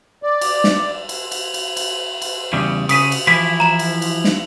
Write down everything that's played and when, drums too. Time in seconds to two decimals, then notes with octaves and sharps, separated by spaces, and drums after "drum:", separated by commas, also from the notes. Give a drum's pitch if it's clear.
0.23 D5
0.41 drum: cymbal
0.64 drum: snare
1.09 drum: cymbal
1.32 drum: cymbal
1.54 drum: cymbal
1.77 drum: cymbal
2.22 drum: cymbal
2.53 E2 C#3 G3
2.89 C#3 D#6 B6 D#7, drum: cymbal
3.12 drum: cymbal
3.27 E3 F3 E4 B6
3.60 A#5 E7
3.79 drum: cymbal
4.02 drum: cymbal
4.24 drum: snare